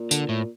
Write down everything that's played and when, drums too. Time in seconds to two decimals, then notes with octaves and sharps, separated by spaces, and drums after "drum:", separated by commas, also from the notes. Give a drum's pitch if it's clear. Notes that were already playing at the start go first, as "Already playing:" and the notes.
Already playing: A#2
0.11 D3, drum: tambourine
0.29 A2